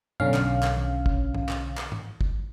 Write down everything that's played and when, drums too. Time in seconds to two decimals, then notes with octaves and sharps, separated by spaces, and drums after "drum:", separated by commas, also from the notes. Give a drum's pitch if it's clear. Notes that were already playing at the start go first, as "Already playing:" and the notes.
0.20 B1 D3 C#4 F5, drum: tom F#2
0.34 drum: clap
0.63 drum: clap
0.77 drum: tom D#3
1.06 drum: kick
1.34 drum: tom
1.49 drum: clap
1.78 drum: clap
1.92 drum: tom
2.21 drum: kick